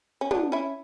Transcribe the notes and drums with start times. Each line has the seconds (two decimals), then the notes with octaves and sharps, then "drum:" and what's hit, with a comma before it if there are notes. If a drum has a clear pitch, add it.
0.21 C#4
0.31 B3 D4, drum: tom
0.52 C#4 E4